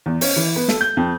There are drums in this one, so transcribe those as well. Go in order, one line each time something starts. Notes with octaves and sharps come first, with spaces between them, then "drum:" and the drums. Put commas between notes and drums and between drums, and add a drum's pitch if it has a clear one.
E2
C#4, drum: open hi-hat
E3
B3
A4, drum: snare
G6
F2